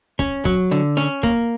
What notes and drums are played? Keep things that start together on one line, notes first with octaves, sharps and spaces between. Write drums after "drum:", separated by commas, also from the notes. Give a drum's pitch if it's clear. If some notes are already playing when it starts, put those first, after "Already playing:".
C#4, drum: kick
F#3, drum: kick
D3
C#4
A#3, drum: kick